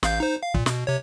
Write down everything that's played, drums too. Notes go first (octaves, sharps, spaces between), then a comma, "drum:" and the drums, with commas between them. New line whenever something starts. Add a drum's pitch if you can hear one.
A1 F5 G6, drum: snare
D#4 C5
F5
A#2, drum: kick
B2, drum: snare
C3 C#5